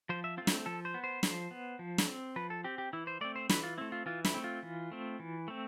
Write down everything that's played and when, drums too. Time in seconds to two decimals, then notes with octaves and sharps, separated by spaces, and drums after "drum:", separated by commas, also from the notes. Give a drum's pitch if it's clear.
0.09 F3 C5
0.24 E5
0.37 A3 C4 F4
0.47 drum: snare
0.66 F3 A4
0.85 C5
0.94 B3
1.04 C5
1.23 F3, drum: snare
1.51 B3
1.79 F3
1.98 drum: snare
2.07 C4
2.36 F3 B4
2.50 A4
2.64 C4 G4
2.78 G4
2.93 E3 E4
3.07 C5
3.21 A3 C4 D5
3.36 C5
3.49 E3 B4, drum: snare
3.63 F4
3.78 A3 C4 E4
3.92 F4
4.06 E3 F4
4.25 E4, drum: snare
4.34 A3 C4
4.44 F4
4.63 E3
4.92 A3 C4
5.19 E3
5.48 A3 C4